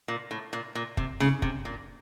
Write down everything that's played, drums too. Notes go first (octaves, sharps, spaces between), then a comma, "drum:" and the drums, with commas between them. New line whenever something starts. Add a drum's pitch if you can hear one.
A#2
A2
A#2
A#2
C3, drum: kick
C#3, drum: snare
C3, drum: kick
A#2